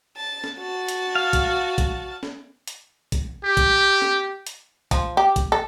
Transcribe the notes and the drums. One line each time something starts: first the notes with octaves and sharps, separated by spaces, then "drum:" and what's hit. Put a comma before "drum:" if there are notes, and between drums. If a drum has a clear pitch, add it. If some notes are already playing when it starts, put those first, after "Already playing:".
A5
drum: snare C#4
F#4 A5
drum: hi-hat
F5
drum: kick A#1, hi-hat
drum: kick A#1, hi-hat
drum: snare C#4
drum: hi-hat
drum: kick A#1, hi-hat
G4
drum: kick A#1, hi-hat
drum: snare C#4
drum: hi-hat
F3, drum: kick A#1, hi-hat
G4
drum: kick A#1, hi-hat
A4